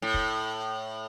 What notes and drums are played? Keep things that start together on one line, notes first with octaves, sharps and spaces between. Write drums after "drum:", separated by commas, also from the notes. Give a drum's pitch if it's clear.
A2
drum: kick